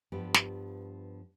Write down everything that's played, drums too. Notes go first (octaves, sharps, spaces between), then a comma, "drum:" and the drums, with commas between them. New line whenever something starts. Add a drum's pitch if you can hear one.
G2 F3 B3 G4
drum: snare